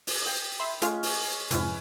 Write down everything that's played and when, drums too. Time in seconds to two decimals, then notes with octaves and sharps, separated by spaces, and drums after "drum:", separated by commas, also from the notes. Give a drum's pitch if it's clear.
0.07 drum: open hi-hat
0.22 D#5 G5
0.60 E5 B5 C6
0.82 G#3 A3 C#4 F4 F5, drum: hi-hat
1.03 drum: open hi-hat
1.51 F2 G#2 C3 C#4 E4 B4, drum: hi-hat